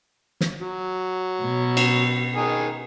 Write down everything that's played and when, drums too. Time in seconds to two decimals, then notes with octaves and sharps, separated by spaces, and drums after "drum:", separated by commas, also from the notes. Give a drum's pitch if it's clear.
0.41 drum: snare
0.61 F#3
1.41 B2
1.77 drum: cymbal
2.35 D#3 G#4